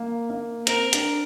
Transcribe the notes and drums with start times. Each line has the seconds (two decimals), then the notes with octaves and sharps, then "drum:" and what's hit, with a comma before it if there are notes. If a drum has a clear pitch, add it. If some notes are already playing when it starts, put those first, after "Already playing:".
Already playing: A#3
0.30 A#3
0.67 C4 A#4, drum: hi-hat
0.93 D4, drum: hi-hat